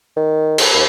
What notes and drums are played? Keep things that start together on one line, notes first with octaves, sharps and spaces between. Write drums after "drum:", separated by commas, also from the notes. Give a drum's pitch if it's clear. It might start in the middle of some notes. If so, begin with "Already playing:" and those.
D#3
drum: cymbal
D#2